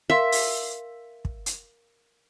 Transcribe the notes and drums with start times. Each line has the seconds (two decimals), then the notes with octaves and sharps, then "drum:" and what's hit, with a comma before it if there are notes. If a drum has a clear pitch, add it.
0.10 A#4 E5 F5 C6
0.32 drum: open hi-hat
1.25 drum: kick
1.46 drum: hi-hat